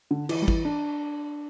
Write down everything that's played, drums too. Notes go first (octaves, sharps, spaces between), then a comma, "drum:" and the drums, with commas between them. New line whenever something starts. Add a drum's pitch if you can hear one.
D3
E3, drum: cymbal
G3
E3, drum: kick
D4